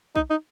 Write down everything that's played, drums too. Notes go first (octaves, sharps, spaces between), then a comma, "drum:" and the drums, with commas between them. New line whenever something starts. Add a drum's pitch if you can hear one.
D#4, drum: kick
D#4